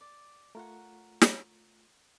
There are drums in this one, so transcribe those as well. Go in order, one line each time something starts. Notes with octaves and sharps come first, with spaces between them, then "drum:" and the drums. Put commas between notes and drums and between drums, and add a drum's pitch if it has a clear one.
D5
A3 F4 A#4 C#5 F#5
drum: snare